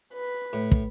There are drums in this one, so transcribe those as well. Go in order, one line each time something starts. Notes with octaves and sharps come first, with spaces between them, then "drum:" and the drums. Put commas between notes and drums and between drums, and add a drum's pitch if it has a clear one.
B4
A2
drum: kick